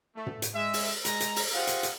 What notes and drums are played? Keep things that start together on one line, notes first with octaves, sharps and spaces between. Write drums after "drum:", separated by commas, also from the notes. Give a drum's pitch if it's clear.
A3
drum: tom
drum: hi-hat
G#3 E5
drum: open hi-hat
G#3 A#5, drum: hi-hat
drum: hi-hat
drum: open hi-hat
F4 G4 C5 D#5 F5 F#5
drum: hi-hat
drum: hi-hat